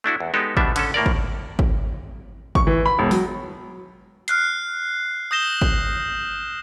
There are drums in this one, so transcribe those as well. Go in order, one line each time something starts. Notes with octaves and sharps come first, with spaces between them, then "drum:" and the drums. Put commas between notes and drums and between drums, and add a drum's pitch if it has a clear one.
A3 D4 E4 F#4
E2
G#3 B3 D#4 G4 A4
B2 G3 B3 D4 E5, drum: kick G#1
D3 C#4 A4, drum: cymbal
A2 A#3 A#4 D5
drum: kick G#1
drum: kick G#1
C#6, drum: kick G#1
E3
B5
E1
F#3, drum: open hi-hat
F6 F#6 C7, drum: hi-hat
D#6 G6 A#6 E7 G7
drum: kick G#1